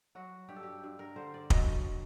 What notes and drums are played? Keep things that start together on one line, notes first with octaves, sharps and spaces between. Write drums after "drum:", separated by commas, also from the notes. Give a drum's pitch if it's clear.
F#3 F#4
G2 G4
A4
G4
G2
A#4
D3 C5
D5
F#3 D#5, drum: kick